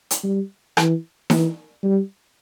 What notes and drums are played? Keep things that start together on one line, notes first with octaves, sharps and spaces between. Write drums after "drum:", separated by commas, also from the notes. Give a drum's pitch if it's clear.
drum: hi-hat
G3
E3, drum: rim click
E3, drum: snare D#4
G3